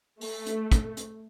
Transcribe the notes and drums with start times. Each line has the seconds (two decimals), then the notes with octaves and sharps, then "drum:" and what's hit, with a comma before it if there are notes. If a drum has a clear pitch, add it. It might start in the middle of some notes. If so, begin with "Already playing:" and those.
0.21 A3, drum: open hi-hat
0.46 drum: hi-hat
0.72 drum: kick, hi-hat
0.97 drum: hi-hat